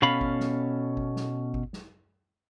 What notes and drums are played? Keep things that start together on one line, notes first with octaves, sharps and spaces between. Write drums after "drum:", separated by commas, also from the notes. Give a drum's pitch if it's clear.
B2 C#4 A4 F5 B5
drum: kick G#1
drum: snare
drum: kick G#1
drum: snare
drum: kick G#1
drum: snare